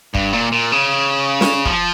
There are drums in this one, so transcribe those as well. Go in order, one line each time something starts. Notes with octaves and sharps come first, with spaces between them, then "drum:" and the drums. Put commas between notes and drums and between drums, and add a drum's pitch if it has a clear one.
G2, drum: kick
A#2
A#2
C#3
drum: snare
F3, drum: kick